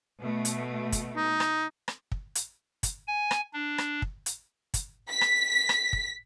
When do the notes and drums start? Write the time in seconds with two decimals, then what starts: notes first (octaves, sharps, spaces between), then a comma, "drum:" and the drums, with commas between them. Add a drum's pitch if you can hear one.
0.21 B2 A3
0.45 drum: hi-hat
0.92 drum: kick, hi-hat
1.16 D#4
1.40 drum: rim click
1.88 drum: rim click
2.12 drum: kick
2.35 drum: hi-hat
2.83 drum: kick, hi-hat
3.07 G#5
3.31 drum: rim click
3.53 D4
3.78 drum: rim click
4.02 drum: kick
4.26 drum: hi-hat
4.74 drum: kick, hi-hat
5.11 B6
5.21 drum: rim click
5.69 drum: rim click
5.93 drum: kick